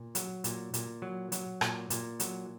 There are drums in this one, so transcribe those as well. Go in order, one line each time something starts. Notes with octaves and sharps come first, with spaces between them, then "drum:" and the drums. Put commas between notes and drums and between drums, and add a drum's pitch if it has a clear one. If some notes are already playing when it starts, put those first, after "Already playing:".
Already playing: A#2
F#3, drum: hi-hat
A#2, drum: hi-hat
A#2, drum: hi-hat
F#3
F#3, drum: hi-hat
A#2, drum: rim click
A#2, drum: hi-hat
F#3, drum: hi-hat